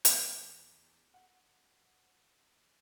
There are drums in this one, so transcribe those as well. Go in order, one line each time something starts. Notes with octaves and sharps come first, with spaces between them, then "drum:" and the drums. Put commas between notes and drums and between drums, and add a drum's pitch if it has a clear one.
E2, drum: hi-hat
F#5